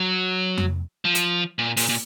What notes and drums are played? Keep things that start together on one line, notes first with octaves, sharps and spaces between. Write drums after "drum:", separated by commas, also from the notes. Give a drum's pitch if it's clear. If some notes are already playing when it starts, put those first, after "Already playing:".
Already playing: F#3
drum: tom F2
F3
drum: hi-hat
A#2
A#2, drum: open hi-hat
A#2